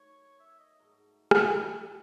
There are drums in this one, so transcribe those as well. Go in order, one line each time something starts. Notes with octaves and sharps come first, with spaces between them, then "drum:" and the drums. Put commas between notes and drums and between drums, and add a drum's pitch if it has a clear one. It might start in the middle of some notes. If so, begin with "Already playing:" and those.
Already playing: D#3 F#3 A3 C#5
E5
D#5
G#2 F#3 A3 D#4
drum: rim click
C#5
A4